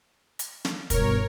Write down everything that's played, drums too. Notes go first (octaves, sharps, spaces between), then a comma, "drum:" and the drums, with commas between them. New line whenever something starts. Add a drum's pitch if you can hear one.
drum: hi-hat
drum: snare
G2 B2 A#4 C#5, drum: kick, hi-hat